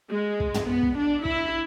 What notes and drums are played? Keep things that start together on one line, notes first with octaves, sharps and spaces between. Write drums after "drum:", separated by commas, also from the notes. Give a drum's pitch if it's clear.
G#3
drum: kick
drum: tom
B3
drum: kick
D4
E4, drum: kick